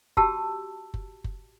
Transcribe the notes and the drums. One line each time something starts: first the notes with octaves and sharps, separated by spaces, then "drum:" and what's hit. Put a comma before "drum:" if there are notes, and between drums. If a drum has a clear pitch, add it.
F#4 G4 A5 E6, drum: kick F#1
drum: kick F#1
drum: kick F#1